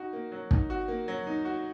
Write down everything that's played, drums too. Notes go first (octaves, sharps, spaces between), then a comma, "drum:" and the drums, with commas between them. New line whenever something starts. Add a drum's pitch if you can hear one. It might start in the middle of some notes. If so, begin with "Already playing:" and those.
Already playing: D#4 F#4
A#3
F#3
D#4, drum: kick
F#4
A#3
F#3
D#4
F#4